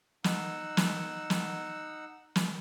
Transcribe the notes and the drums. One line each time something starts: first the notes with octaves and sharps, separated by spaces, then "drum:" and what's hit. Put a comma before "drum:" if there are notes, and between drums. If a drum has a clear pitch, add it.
D#4 F#5 E6, drum: snare
drum: snare
drum: snare
drum: snare